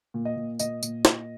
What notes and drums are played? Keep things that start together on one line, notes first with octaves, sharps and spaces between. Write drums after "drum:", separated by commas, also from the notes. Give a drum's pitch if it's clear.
A#2
D#5
A#2
A#2 D#5, drum: tambourine
A#2, drum: tambourine
A#2, drum: snare